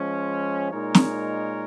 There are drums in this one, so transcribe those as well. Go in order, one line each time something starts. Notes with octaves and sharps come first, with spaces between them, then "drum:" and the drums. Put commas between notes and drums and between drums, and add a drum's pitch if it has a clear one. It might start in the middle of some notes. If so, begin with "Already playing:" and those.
Already playing: F3 G#3 C#4
A#2 G#3 D#4 A#4 C#5
drum: snare